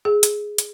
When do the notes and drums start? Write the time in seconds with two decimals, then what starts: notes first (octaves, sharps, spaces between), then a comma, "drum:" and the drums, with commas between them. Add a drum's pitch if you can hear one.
0.05 G#4
0.23 drum: hi-hat
0.58 drum: hi-hat